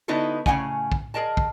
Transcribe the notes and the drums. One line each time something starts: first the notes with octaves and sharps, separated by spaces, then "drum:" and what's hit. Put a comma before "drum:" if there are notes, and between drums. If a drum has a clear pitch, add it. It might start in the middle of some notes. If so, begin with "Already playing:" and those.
D3 B3 D#4 E4 F#4 A4
A2 C#3 C4 D#4 F#5 G#5, drum: kick
drum: kick
G#4 A#4 D#5 A5
drum: kick